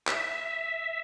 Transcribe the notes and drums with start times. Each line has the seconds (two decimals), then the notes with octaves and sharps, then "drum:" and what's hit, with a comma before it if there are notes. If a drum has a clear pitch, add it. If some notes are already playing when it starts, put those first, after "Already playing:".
0.07 E5, drum: clap